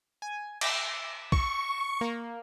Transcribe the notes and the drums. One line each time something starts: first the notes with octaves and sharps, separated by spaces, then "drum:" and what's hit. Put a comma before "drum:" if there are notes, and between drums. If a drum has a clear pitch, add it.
G#5
D6 E6 A#6, drum: cymbal
C#6, drum: kick
A#3